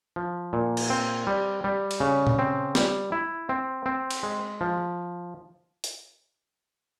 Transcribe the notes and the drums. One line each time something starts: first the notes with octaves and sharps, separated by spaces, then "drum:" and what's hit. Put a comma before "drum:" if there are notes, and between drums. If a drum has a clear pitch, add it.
F3
A#2
drum: cymbal
C4
G3
G3
drum: cymbal
C#3
drum: tom A#2
C4
G3, drum: snare
E4
C4
C4
drum: cymbal
G#3
F3
drum: hi-hat